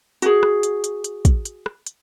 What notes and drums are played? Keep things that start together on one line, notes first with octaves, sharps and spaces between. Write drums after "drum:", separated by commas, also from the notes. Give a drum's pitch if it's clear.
F#4 G#4, drum: hi-hat
drum: rim click
drum: hi-hat
drum: hi-hat
drum: hi-hat
drum: kick, hi-hat
drum: hi-hat
drum: rim click
drum: hi-hat